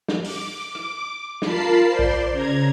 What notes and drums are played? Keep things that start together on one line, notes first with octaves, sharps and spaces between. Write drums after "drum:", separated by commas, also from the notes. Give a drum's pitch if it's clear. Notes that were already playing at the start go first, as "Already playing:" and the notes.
drum: snare
D6, drum: open hi-hat
drum: rim click
F4 A#4 A5 B5 C7, drum: snare
C5 D5 C6
drum: kick A#1
C#3 A#5 G#6